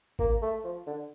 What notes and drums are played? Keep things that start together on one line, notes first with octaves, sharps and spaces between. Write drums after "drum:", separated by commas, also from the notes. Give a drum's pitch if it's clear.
A#3, drum: kick G#1
A3
F3
D3